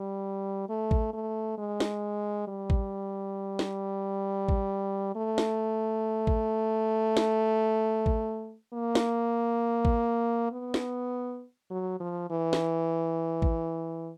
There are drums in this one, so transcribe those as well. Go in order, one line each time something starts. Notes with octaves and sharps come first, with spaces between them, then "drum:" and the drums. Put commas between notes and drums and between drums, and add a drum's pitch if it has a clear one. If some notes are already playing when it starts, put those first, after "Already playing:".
Already playing: G3
A3
drum: kick A1
A3
G#3
drum: snare
G3
drum: kick A1
drum: snare
drum: kick A1
A3
drum: snare
drum: kick A1
drum: snare
drum: kick A1
A#3
drum: snare
drum: kick A1
B3
drum: snare
F#3
F3
E3
drum: snare
drum: kick A1